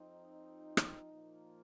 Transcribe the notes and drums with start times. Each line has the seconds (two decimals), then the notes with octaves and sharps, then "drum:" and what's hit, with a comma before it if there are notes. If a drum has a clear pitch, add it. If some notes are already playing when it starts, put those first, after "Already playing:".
Already playing: F2 F3 C4 D#4
0.77 drum: rim click
1.11 A#2 F3 A#3